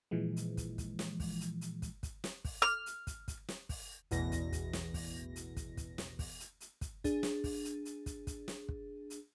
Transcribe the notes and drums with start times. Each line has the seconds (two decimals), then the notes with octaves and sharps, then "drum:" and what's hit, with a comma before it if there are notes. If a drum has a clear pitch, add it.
0.11 A#2 E3 F3 G#3
0.36 drum: hi-hat
0.57 drum: kick, hi-hat
0.78 drum: kick, hi-hat
0.99 drum: snare
1.20 drum: kick, open hi-hat
1.41 drum: hi-hat
1.61 drum: hi-hat
1.82 drum: kick, hi-hat
2.03 drum: kick, hi-hat
2.24 drum: snare
2.45 drum: kick, open hi-hat
2.62 F6
2.86 drum: hi-hat
3.07 drum: kick, hi-hat
3.28 drum: kick, hi-hat
3.49 drum: snare
3.69 drum: kick, open hi-hat
4.11 A1 E2 B2 A#6, drum: hi-hat
4.32 drum: kick, hi-hat
4.53 drum: kick, hi-hat
4.73 drum: snare
4.94 drum: kick, open hi-hat
5.36 drum: hi-hat
5.57 drum: kick, hi-hat
5.77 drum: kick, hi-hat
5.98 drum: snare
6.19 drum: kick, open hi-hat
6.40 drum: hi-hat
6.61 drum: hi-hat
6.81 drum: kick, hi-hat
7.04 D4 G#4, drum: kick, hi-hat
7.23 drum: snare
7.44 drum: kick, open hi-hat
7.65 drum: hi-hat
7.85 drum: hi-hat
8.06 drum: kick, hi-hat
8.27 drum: kick, hi-hat
8.48 drum: snare
8.69 drum: kick
9.10 drum: hi-hat